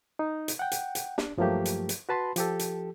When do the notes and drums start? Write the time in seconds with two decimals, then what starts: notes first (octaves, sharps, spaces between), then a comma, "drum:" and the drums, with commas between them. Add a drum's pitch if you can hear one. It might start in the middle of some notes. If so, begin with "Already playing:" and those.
0.19 D#4
0.48 drum: hi-hat
0.59 F#5 G5
0.72 drum: hi-hat
0.95 drum: hi-hat
1.18 D4, drum: snare
1.38 G2 F3 F#3 A3 A#3 G4
1.65 drum: hi-hat
1.89 drum: hi-hat
2.09 F#4 B4 A5 B5 C6
2.36 F3 G4 A4, drum: hi-hat
2.59 drum: hi-hat